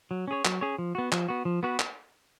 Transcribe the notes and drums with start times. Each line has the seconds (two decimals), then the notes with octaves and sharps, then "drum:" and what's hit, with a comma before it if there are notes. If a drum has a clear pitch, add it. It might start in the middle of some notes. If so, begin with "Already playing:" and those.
0.11 F#3
0.28 C#4 G#4 C#5
0.45 F#3, drum: clap
0.61 C#4 G#4 C#5
0.78 F3
0.95 B3 F#4
1.12 F3, drum: clap
1.28 B3 F#4
1.45 F3
1.63 B3 F#4 B4
1.79 drum: clap